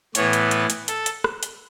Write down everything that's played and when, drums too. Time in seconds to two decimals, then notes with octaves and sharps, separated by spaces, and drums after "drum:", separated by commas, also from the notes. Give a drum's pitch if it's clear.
0.15 A2 E3 B3 C#5, drum: hi-hat
0.33 drum: hi-hat
0.51 B4, drum: hi-hat
0.70 drum: hi-hat
0.88 A4, drum: hi-hat
1.06 drum: hi-hat
1.24 drum: rim click
1.43 drum: hi-hat